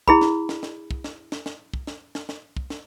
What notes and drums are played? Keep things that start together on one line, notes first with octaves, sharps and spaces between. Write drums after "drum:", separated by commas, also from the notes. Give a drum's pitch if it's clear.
E4 G#4 B5, drum: kick
drum: snare
drum: snare
drum: snare
drum: kick
drum: snare
drum: snare
drum: snare
drum: kick
drum: snare
drum: snare
drum: snare
drum: kick
drum: snare